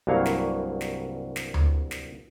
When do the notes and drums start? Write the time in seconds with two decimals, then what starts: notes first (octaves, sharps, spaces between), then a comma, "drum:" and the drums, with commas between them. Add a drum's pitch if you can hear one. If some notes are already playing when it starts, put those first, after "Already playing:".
0.07 C2 G2 F#3 A#3 C#5 F5
0.25 drum: snare
0.81 drum: snare
1.36 drum: snare
1.54 drum: tom D2
1.91 drum: snare